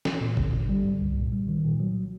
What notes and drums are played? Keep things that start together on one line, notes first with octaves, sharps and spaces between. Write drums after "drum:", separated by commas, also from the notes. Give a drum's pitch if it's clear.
A4, drum: snare
A#2
D3, drum: kick
D3
G3
G2
C2
A#2
G3
D#3
A#2
F#3